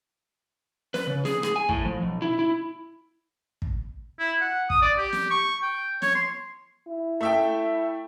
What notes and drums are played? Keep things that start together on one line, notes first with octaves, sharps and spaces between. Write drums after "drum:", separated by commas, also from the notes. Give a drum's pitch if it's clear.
B4, drum: snare
C#3
G#4, drum: snare
G#4, drum: rim click
G#5
A2, drum: kick
F3
B1
E4
E4
drum: kick
E4
F#5
D#6, drum: kick
D5
G4
drum: snare
C#6
G5
C#5, drum: snare
C6
E4
A3 E5 G5